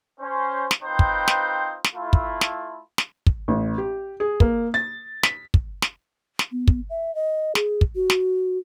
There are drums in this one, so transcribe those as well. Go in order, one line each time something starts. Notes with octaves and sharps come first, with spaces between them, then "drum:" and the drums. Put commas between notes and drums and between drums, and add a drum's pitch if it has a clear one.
C#4 C5
drum: snare
C4 D#4 F4 B4 C5 G5
drum: kick
drum: snare
drum: snare
A3 E4 F4
drum: kick
drum: snare
drum: snare
drum: kick
A1
G4
G#4
A#3, drum: kick
A6
B6, drum: snare
drum: kick
drum: snare
drum: snare
B3
drum: kick
E5
D#5
G#4, drum: snare
drum: kick
F#4
drum: snare